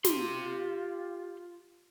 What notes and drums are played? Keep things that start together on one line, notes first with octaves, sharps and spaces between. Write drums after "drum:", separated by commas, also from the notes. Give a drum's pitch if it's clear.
F4 G4 C6, drum: snare